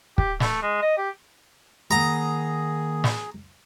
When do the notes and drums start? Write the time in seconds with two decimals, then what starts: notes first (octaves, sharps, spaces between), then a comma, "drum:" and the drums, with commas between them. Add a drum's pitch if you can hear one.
0.18 G4, drum: kick
0.40 A3, drum: snare
0.62 G#3
0.82 D#5
0.98 G4
1.91 D#3 A#3 G#4 F#5 A#5 D#6
3.04 drum: snare